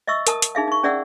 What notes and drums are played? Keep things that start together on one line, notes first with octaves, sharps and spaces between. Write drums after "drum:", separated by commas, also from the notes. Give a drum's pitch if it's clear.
D#5 E5 C#6 E6
A#4 A5 D#6, drum: hi-hat
drum: hi-hat
D#4 G#4 E5 F5
D#4 C#6
C#4 G#4 D5 E5 F#5 E6